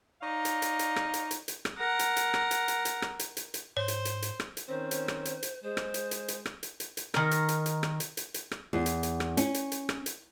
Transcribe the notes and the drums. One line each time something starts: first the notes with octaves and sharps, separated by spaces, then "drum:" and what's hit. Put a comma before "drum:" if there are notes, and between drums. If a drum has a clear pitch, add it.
D#4 C#5 D5 F5
drum: hi-hat
drum: hi-hat
drum: hi-hat
drum: rim click
drum: hi-hat
drum: hi-hat
drum: hi-hat
drum: rim click
A#4 F#5
drum: hi-hat
drum: hi-hat
drum: rim click
drum: hi-hat
drum: hi-hat
drum: hi-hat
drum: rim click
drum: hi-hat
drum: hi-hat
drum: hi-hat
G#2 C5 C#5
drum: hi-hat
drum: hi-hat
drum: hi-hat
drum: rim click
drum: hi-hat
D#3 C4 C#4 C5
drum: hi-hat
drum: rim click
drum: hi-hat
drum: hi-hat
G#3 C5
drum: rim click
drum: hi-hat
drum: hi-hat
drum: hi-hat
drum: rim click
drum: hi-hat
drum: hi-hat
drum: hi-hat
D#3 A#4, drum: rim click
drum: hi-hat
drum: hi-hat
drum: hi-hat
drum: rim click
drum: hi-hat
drum: hi-hat
drum: hi-hat
drum: rim click
E2
drum: hi-hat
drum: hi-hat
drum: rim click
C#4, drum: hi-hat
drum: hi-hat
drum: hi-hat
drum: rim click
drum: hi-hat